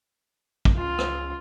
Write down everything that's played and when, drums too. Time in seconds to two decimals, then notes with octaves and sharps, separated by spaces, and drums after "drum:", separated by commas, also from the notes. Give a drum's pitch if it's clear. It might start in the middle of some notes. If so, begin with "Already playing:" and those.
0.65 drum: kick
0.76 C#2 F4
0.98 drum: rim click